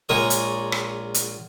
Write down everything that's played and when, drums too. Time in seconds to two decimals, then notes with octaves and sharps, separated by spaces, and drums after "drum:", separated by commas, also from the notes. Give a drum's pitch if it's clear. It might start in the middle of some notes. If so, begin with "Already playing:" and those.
0.09 A#1 G#3 D#4 A#4 C#5 D#6
0.30 drum: hi-hat
0.72 drum: rim click
1.14 drum: hi-hat